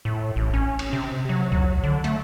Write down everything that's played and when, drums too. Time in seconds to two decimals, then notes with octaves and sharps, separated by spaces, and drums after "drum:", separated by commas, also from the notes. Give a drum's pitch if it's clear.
0.05 A2
0.36 A1
0.54 C#4
0.79 drum: cymbal
0.93 C3
1.29 F#3
1.52 F#3, drum: kick
1.84 D3
2.04 A3, drum: hi-hat